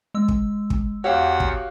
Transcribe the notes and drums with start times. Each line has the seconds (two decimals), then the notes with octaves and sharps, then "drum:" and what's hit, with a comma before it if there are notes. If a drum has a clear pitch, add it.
0.14 G#3 E6
0.28 drum: kick
0.70 drum: kick
1.04 E2 F#4 G4 C#5 F5 F#5 E6
1.40 drum: kick